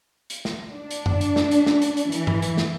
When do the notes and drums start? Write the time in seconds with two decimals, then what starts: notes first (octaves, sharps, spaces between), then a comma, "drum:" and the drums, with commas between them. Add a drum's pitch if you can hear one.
0.30 drum: hi-hat
0.45 drum: snare
0.71 D4
0.91 drum: hi-hat
1.06 drum: tom F#2
1.21 drum: hi-hat
1.36 drum: snare
1.51 drum: hi-hat
1.66 drum: snare
1.82 drum: hi-hat
1.97 drum: hi-hat
2.12 E3, drum: hi-hat
2.27 drum: tom G2
2.42 drum: hi-hat
2.57 drum: snare